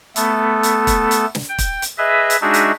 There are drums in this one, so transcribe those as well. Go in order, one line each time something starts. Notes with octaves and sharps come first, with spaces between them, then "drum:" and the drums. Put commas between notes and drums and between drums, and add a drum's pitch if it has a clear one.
A3 B3 A4, drum: hi-hat
drum: hi-hat
drum: kick, hi-hat
drum: hi-hat
drum: snare
G5
drum: kick, hi-hat
drum: hi-hat
G#4 B4 D#5 E5
drum: hi-hat
G#3 D4 D#4 F#4 G#4 E5
drum: hi-hat